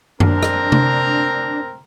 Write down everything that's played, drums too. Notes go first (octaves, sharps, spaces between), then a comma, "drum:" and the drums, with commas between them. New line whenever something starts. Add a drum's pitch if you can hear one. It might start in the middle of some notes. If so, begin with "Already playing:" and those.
C4 D4 A#4 A#5, drum: tom F#2
drum: rim click
drum: tom C3